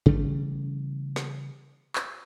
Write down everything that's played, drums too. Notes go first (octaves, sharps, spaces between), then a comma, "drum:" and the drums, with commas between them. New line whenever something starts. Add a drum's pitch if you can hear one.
C#3 E3 G3 A3, drum: kick
drum: snare
drum: clap